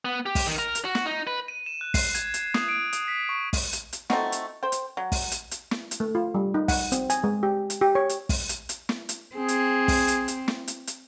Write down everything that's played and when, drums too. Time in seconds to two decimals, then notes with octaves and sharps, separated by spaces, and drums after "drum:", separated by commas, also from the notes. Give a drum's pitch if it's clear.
0.05 B3
0.26 G4
0.35 drum: kick, open hi-hat
0.47 D#3
0.59 A#4
0.75 drum: hi-hat
0.85 F#4
0.95 drum: snare
1.06 D#4
1.27 B4
1.48 D#7
1.66 E7
1.81 F#6
1.94 C7, drum: kick, open hi-hat
2.15 G#6, drum: hi-hat
2.34 drum: hi-hat
2.54 D#6, drum: snare
2.69 D7
2.93 D#6, drum: hi-hat
3.08 B6
3.29 C#6
3.53 drum: kick, open hi-hat
3.73 drum: hi-hat
3.93 drum: hi-hat
4.10 A3 C4 D#4 F#4, drum: snare
4.32 drum: hi-hat
4.63 C5 G5
4.72 drum: hi-hat
4.97 F#3
5.12 drum: kick, open hi-hat
5.32 drum: hi-hat
5.51 drum: hi-hat
5.71 drum: snare
5.91 drum: hi-hat
6.00 A3
6.15 F4
6.34 G3
6.54 D#4
6.68 F#5, drum: kick, open hi-hat
6.92 C4, drum: hi-hat
7.10 G#5, drum: hi-hat
7.24 G#3
7.43 G4
7.70 drum: hi-hat
7.81 G4
7.95 C#5
8.09 drum: hi-hat
8.29 drum: kick, open hi-hat
8.49 drum: hi-hat
8.69 drum: hi-hat
8.89 drum: snare
9.09 drum: hi-hat
9.36 C4 G#4
9.48 drum: hi-hat
9.88 drum: kick, open hi-hat
10.08 drum: hi-hat
10.28 drum: hi-hat
10.48 drum: snare
10.68 drum: hi-hat
10.87 drum: hi-hat